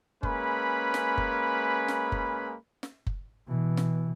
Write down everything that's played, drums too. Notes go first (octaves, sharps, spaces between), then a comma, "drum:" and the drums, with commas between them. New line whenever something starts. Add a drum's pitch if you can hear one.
G#3 A#3 C#4 B4 B5, drum: kick F#1
drum: snare
drum: kick F#1
drum: snare
drum: kick F#1
drum: snare
drum: kick F#1
B2 E3
drum: snare